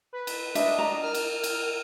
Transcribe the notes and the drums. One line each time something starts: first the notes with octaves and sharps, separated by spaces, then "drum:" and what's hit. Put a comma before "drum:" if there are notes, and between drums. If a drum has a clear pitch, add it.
B4
drum: cymbal
D4 D#5 E5, drum: cymbal
A#5
A#4 F6
drum: cymbal
drum: cymbal